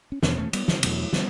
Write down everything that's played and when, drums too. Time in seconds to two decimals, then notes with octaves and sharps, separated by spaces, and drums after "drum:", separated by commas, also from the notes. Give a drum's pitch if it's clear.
0.12 C#4
0.23 E2 B2 B3 D4, drum: snare
0.38 A3 C#4
0.53 G3 B3, drum: cymbal
0.68 E3 G3, drum: snare
0.83 E2 B2 F#3 A3, drum: cymbal
1.13 G3 B3, drum: snare